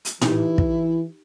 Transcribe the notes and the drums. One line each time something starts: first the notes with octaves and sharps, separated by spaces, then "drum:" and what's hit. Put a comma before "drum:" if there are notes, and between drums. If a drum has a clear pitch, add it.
drum: hi-hat
E3 D#4 E4 G4, drum: tom A2
drum: kick